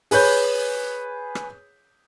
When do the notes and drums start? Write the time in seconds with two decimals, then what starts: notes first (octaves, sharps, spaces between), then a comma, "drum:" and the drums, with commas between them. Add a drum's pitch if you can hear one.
0.11 G#4 B4 C#5 G6, drum: open hi-hat
1.35 drum: rim click